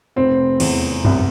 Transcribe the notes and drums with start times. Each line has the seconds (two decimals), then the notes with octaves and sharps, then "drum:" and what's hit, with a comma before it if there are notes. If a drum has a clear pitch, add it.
0.16 F1 C4
0.60 E2, drum: cymbal
1.05 C2, drum: tom F#2